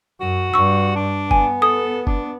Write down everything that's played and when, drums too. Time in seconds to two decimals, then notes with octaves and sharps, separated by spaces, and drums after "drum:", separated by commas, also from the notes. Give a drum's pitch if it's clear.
0.20 F#2 F#4
0.54 G2 C#6 E6
0.96 D4
1.31 B3 G#5, drum: kick F#1
1.62 A4 D#6
2.07 D4, drum: kick F#1